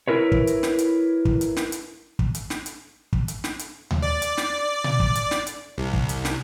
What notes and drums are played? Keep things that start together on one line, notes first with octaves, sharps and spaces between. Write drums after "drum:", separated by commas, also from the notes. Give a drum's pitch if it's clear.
E4 A#4 B4 C#5
drum: kick
drum: hi-hat
drum: snare
drum: hi-hat
drum: kick
drum: hi-hat
drum: snare
drum: hi-hat
drum: kick
drum: hi-hat
drum: snare
drum: hi-hat
drum: kick
drum: hi-hat
drum: snare
drum: hi-hat
drum: tom D#2
D5
drum: hi-hat
drum: snare
drum: tom A#2
drum: kick
drum: hi-hat
drum: snare
drum: hi-hat
C2
drum: kick
drum: hi-hat
drum: snare